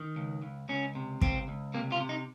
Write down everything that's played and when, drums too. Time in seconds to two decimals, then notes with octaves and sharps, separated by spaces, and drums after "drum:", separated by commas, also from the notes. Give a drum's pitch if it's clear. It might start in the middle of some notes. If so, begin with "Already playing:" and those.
Already playing: D#3
0.16 C#2
0.42 C#2
0.69 C#2 C#4
0.95 C3
1.21 C#2 C4, drum: kick
1.48 C#2
1.74 C3 A#3
1.92 F4
2.01 C3
2.09 D#4